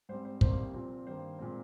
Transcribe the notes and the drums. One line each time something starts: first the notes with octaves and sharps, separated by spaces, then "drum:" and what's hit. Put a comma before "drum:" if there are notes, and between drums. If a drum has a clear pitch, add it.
G#2 G3 C4 C5
C5
C2 C3 G3 A#3 C5, drum: kick
A#2 F3 C4
G2 D#3 A#3 C5
A#2 G#3 C4